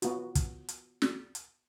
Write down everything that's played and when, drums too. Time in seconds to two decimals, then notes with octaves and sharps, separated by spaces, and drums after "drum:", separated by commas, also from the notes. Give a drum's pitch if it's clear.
0.02 B3 F4 F#4, drum: hi-hat
0.35 drum: kick, hi-hat
0.68 drum: hi-hat
1.02 drum: snare
1.35 drum: hi-hat